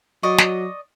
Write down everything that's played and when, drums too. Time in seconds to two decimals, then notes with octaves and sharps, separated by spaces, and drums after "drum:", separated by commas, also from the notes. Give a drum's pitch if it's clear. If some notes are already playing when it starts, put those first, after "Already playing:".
0.23 F#3 D5 D#5 C#6
0.38 drum: snare